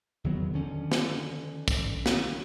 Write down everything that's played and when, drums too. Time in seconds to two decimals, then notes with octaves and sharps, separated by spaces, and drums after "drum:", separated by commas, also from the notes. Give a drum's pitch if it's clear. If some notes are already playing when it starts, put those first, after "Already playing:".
0.24 E2 D#3 F#3 B3
0.53 D3 D#3 F3 C#4
0.92 drum: snare
1.68 drum: kick, tambourine
2.06 drum: snare